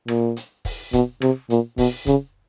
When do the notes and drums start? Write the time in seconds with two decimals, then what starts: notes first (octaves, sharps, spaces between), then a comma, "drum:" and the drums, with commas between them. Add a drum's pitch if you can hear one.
0.08 A#2, drum: rim click
0.37 drum: hi-hat
0.65 drum: kick, open hi-hat
0.93 B2, drum: kick, hi-hat
1.22 C3, drum: rim click
1.50 A#2, drum: hi-hat
1.78 B2, drum: kick, open hi-hat
2.07 C#3, drum: kick, hi-hat